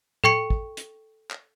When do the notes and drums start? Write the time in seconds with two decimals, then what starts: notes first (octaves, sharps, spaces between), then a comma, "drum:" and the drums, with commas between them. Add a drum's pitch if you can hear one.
0.24 A4 G5 C#6 C#7, drum: tom
0.50 drum: kick
0.77 drum: hi-hat
1.31 drum: clap